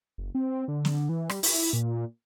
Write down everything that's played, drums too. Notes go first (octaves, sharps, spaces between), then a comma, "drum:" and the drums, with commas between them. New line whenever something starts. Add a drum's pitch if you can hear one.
F#1
C4
D3
drum: snare
E3
G3, drum: rim click
E4, drum: open hi-hat
A#2